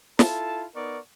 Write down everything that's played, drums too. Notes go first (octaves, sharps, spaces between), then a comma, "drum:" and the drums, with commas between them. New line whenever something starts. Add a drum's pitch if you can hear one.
E4 F4 A4 A5, drum: snare
B3 D#4 A#4 D5 C#6